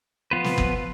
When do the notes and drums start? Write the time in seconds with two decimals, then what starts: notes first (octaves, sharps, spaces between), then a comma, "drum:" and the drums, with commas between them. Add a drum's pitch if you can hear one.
0.31 F3 B3 F4 B4
0.44 drum: snare
0.58 drum: kick G1